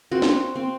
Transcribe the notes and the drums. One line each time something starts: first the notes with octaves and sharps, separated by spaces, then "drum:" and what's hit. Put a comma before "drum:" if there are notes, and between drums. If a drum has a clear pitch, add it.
C4 F#4
drum: snare
C4